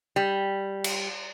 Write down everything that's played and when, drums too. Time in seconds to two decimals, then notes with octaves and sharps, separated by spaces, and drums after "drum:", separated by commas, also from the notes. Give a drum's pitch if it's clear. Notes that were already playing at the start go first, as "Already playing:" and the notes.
0.16 G3
0.84 drum: cymbal